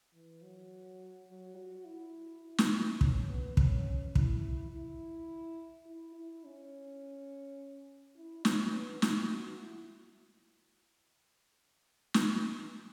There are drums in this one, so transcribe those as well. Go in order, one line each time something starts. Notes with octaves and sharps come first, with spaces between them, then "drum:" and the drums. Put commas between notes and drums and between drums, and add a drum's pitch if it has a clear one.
E3
F#3
F#3
F#4
E4
E4
drum: snare
C#4, drum: kick
B3
C#4, drum: kick
E4, drum: kick
E4
E4
E4
C#4
E4
C#4, drum: snare
B3
E4, drum: snare
F#4
E4
drum: snare